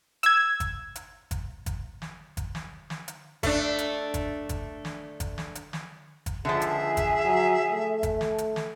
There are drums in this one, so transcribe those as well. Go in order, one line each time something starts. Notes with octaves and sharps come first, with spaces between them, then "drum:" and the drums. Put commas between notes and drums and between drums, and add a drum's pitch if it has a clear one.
E6 G#6, drum: hi-hat
drum: kick, hi-hat
drum: hi-hat
drum: kick, hi-hat
drum: kick, hi-hat
drum: snare
drum: kick, hi-hat
drum: snare
drum: snare
drum: hi-hat
A3 D4, drum: kick, hi-hat
drum: hi-hat
drum: kick, hi-hat
drum: kick, hi-hat
drum: snare
drum: kick, hi-hat
drum: snare
drum: hi-hat
drum: snare
drum: kick, hi-hat
C#2 D3 F3 G#4 E5
drum: hi-hat
drum: kick, hi-hat
F#3
A3
drum: kick, hi-hat
drum: snare
drum: hi-hat
drum: snare